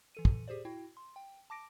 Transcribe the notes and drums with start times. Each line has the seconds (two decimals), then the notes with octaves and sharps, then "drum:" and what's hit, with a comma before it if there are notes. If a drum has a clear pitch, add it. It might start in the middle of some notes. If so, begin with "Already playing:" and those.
0.15 E3 A4 D#7
0.25 drum: kick
0.48 G4 G#4 C5 D5
0.65 E4 F#4 G5
0.97 C6
1.16 G5
1.50 A5 D6 A#6 D7